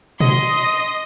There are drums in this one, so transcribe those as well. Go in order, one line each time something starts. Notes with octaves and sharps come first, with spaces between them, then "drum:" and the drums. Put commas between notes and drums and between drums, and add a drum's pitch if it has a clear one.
D#5 C6, drum: tom A#2